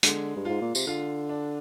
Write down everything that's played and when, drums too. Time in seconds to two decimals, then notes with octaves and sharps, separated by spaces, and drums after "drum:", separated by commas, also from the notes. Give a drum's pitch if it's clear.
0.03 D3 G#3, drum: hi-hat
0.36 G2
0.45 G#2 F4
0.62 A#2
0.75 C3, drum: tambourine
0.87 D3 F4
1.29 D4